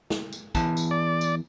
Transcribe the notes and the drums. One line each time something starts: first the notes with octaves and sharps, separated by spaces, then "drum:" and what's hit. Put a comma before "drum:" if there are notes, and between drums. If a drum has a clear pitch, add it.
drum: snare
drum: tambourine
E2 E3 A5, drum: kick, tambourine
drum: tambourine
D5
drum: tambourine